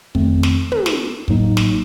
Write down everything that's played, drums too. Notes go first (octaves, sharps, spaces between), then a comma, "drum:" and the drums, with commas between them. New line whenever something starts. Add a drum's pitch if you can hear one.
F2 D#3 A3 C4, drum: kick
drum: snare
drum: tom
drum: snare
A1 A2 F#3 A#3 D#4, drum: kick
drum: snare